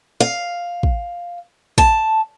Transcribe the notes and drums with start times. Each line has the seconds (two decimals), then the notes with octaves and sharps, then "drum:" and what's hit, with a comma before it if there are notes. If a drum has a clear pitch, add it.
0.20 F5
0.83 drum: kick
1.78 A5, drum: kick